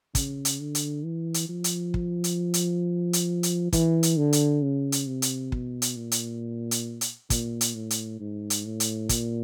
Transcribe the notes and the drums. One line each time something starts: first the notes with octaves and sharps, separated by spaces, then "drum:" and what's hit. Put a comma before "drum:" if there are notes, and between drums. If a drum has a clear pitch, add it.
C#3, drum: kick, hi-hat
drum: hi-hat
D3
drum: hi-hat
E3
drum: hi-hat
F3
drum: hi-hat
drum: kick
drum: hi-hat
drum: hi-hat
drum: hi-hat
drum: hi-hat
E3, drum: kick, hi-hat
drum: hi-hat
D3
drum: hi-hat
C#3
drum: hi-hat
C3
drum: hi-hat
B2, drum: kick
drum: hi-hat
A#2
drum: hi-hat
drum: hi-hat
drum: hi-hat
A#2, drum: kick, hi-hat
drum: hi-hat
A2
drum: hi-hat
G#2
drum: hi-hat
A2
drum: hi-hat
A#2, drum: kick, hi-hat